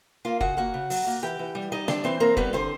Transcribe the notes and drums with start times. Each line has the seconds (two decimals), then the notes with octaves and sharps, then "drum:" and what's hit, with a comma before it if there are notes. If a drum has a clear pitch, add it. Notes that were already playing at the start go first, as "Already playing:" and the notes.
0.25 A#3 F4 F5
0.40 C#3 F#4 F#5, drum: kick
0.57 A#3 F#4 F#5
0.74 C#3
0.90 F#3, drum: open hi-hat
1.06 A#3
1.23 E3 G4 G5
1.39 E3
1.55 G3
1.72 G3 D#4 D#5
1.88 C4 D4 D5, drum: snare
2.04 E3 C4 C5
2.20 A#3 C4 A#4
2.37 G3 B3 B4, drum: kick
2.53 D3 C4 C5